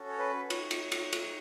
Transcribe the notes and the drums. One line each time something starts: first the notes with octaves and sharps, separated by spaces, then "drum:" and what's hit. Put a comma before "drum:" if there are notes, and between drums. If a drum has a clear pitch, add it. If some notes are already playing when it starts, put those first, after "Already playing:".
Already playing: C#4 F#4 A4
C#5
B4
C#5, drum: cymbal
drum: cymbal
drum: cymbal
drum: cymbal